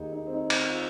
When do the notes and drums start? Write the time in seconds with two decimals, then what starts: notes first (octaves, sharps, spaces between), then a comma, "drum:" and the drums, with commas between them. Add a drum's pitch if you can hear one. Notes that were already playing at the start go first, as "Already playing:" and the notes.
Already playing: D#2 D#3 A#3 D#4 G#4
0.13 D#4
0.27 C4
0.34 D#4
0.50 C4, drum: cymbal
0.67 F4